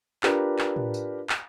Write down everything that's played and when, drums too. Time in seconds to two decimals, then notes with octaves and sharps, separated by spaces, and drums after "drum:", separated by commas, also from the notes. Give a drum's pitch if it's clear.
0.23 D4 F4 G4 A#4 B4, drum: clap
0.59 drum: clap
0.76 drum: tom A2
0.94 drum: tambourine
1.29 drum: clap